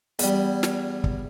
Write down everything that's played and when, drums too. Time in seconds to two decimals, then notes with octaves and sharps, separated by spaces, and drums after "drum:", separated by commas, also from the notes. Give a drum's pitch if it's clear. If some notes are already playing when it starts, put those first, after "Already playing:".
0.19 E2 G3, drum: hi-hat
0.63 drum: snare
1.04 drum: kick